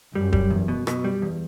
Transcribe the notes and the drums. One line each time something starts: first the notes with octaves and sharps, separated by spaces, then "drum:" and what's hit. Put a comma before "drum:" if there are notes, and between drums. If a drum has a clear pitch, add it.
F#2 G3
G3, drum: kick E1
E2
B2
B2, drum: rim click
G3
E2